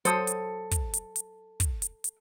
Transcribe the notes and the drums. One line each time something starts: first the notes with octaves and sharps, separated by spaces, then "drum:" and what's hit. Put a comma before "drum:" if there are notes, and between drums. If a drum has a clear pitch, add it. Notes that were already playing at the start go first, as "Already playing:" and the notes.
F#3 A4 C5 D#6, drum: hi-hat
drum: hi-hat
drum: kick, hi-hat
drum: hi-hat
drum: hi-hat
drum: kick, hi-hat
drum: hi-hat
drum: hi-hat